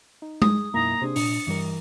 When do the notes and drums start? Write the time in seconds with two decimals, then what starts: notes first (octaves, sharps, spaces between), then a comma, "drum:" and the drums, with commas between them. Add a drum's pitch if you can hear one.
0.22 D#4
0.42 G#4 D#6, drum: tom G#3
0.74 B1 F#2 A#3 D#4 E4 A#5
1.02 C3 D4 G#4 C5
1.16 A#2 D4 C#7, drum: open hi-hat
1.47 G2 E3 G3 A#4